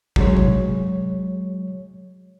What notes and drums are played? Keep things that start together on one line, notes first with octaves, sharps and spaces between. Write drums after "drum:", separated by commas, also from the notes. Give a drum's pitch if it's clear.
F#3 G#3 C#5, drum: kick
drum: tom C3